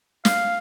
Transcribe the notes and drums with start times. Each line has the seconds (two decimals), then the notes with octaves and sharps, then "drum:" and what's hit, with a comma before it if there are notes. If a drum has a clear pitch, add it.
0.25 F5, drum: snare